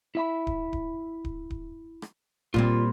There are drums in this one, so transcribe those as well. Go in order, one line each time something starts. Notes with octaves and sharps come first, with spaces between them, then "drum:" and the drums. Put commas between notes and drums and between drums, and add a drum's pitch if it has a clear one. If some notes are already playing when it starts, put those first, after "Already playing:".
E4 E5 B5
drum: kick D1
drum: kick D1
drum: kick D1
drum: kick D1
drum: rim click
A#2 G3 C4 F4, drum: kick D1